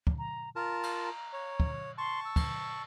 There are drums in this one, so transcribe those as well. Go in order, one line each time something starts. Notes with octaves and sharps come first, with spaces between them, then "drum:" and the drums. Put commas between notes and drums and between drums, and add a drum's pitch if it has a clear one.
drum: kick
A#5
F4 A#4 A5 A#5
drum: cymbal
C#5
drum: kick
A5 C6 C#6
E6
drum: kick, cymbal